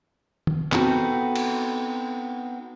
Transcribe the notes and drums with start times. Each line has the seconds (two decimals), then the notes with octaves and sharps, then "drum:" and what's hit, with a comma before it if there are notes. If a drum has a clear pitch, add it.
0.47 drum: tom
0.72 B3 C4 D#4 F#4 A4, drum: clap
1.36 drum: cymbal